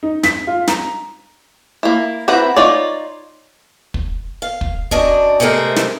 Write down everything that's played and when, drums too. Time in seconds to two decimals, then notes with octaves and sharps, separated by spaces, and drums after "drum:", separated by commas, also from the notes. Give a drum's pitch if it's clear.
0.03 D#4
0.23 B6, drum: snare
0.47 F4
0.68 A#5, drum: snare
1.83 A#3 E4
2.28 C4 E4 B4 F#5 A#5
2.56 D#4 F4 C#5 D5
3.94 drum: kick
4.42 F5
4.61 drum: kick
4.91 F#2 D4 D#5, drum: kick
5.40 C3 G#3 A3 C4 A#4
5.76 drum: snare